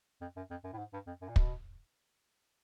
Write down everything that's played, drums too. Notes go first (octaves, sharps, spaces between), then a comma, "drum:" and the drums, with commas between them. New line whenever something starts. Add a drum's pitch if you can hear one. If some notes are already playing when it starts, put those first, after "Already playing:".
F2
F#2
F2
F#2
A2
G#2
G2
F2
F#2
A#2
B2, drum: kick